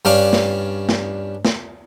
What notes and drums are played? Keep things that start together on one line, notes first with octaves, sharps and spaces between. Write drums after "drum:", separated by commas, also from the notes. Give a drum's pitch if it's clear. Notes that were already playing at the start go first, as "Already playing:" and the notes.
G2 C#4 D4 F5 D6
drum: snare
drum: snare
drum: snare